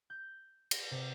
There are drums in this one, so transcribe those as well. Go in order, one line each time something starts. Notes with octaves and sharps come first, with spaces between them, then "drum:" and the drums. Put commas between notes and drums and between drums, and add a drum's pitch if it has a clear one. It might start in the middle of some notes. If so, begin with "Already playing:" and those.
G6
A#6, drum: cymbal
C3